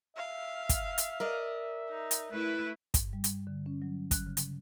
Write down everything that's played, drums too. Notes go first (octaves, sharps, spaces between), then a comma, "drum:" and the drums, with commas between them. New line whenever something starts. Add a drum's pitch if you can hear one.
E5 F5
drum: kick, hi-hat
drum: hi-hat
A#4 D5 D#5
D#4
drum: hi-hat
A3 E4 B4
G2, drum: kick, hi-hat
G3
drum: hi-hat
D3
C#4
F#3
F#6, drum: kick, hi-hat
C#3
drum: hi-hat